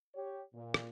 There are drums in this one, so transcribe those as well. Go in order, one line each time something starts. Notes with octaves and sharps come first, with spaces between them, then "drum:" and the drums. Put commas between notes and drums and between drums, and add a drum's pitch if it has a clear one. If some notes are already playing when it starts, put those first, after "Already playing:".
G4 C#5
A#2
drum: rim click